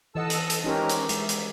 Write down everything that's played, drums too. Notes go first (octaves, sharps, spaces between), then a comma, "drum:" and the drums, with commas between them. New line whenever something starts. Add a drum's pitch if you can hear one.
E3 A4 D#5 F#5 A5 E6
drum: hi-hat
drum: hi-hat
G#3 C4 C#4 D#4 G4 A#4
drum: hi-hat
G#3 E5, drum: hi-hat
drum: hi-hat